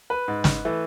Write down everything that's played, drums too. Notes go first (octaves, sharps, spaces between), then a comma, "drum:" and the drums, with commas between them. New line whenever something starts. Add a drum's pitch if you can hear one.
B4
G#2
drum: snare
E3 A3